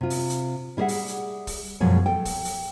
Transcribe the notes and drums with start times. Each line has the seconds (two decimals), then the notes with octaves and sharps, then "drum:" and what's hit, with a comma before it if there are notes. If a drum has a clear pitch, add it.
0.01 C3 F4
0.10 drum: open hi-hat
0.30 drum: hi-hat
0.77 G3 E4 G#4 D5 E5 F#5
0.88 drum: open hi-hat
1.08 drum: hi-hat
1.47 drum: kick, open hi-hat
1.80 F#2 B2 F3 G#3 G#4 C#5
2.06 A4 G5
2.25 drum: kick, open hi-hat
2.45 drum: open hi-hat